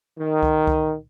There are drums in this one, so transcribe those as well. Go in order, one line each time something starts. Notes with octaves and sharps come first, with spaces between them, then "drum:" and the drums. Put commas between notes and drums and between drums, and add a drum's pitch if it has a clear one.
D#3
drum: kick C#2
drum: kick C#2